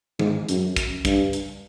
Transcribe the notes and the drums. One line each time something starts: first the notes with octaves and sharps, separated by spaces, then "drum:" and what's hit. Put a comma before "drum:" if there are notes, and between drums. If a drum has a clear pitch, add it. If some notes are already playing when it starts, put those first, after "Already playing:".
G#2, drum: tom D#3
F#2, drum: hi-hat
drum: kick, hi-hat
G2, drum: kick, hi-hat
drum: hi-hat